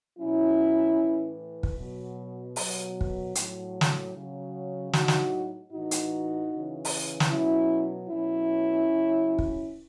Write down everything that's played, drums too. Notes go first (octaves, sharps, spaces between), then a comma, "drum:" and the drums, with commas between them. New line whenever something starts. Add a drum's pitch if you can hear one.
B2 F#3 C#4 E4
A2 E3
drum: kick
B2 F#3
B2 F#3, drum: open hi-hat
drum: kick
A2 F#3, drum: hi-hat
drum: snare
C#3 F#3
A2 F#3 D#4 F#4, drum: snare
drum: snare
A2 E3 D#4 F#4
drum: hi-hat
C#3 E3
drum: open hi-hat
drum: snare
B2 F#3 C#4 E4
B2 F#3 C#4 E4
C#3 F#3
drum: kick